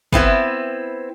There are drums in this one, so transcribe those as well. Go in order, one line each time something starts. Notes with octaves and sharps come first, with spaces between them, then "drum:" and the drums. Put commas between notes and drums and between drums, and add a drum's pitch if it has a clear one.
B3 C4 E4 B4, drum: kick